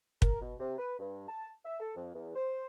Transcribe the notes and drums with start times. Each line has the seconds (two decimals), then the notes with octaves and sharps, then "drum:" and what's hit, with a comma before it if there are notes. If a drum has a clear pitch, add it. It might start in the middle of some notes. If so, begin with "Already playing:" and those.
0.22 A#4, drum: kick
0.41 B2
0.59 C3
0.78 B4
0.99 G2
1.28 A5
1.64 E5
1.80 A4
1.95 F2
2.14 E2
2.35 C5